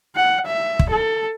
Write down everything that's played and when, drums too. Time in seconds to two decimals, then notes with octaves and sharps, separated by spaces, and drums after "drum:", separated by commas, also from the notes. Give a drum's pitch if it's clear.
0.16 F#5
0.46 E5
0.79 drum: kick
0.90 A4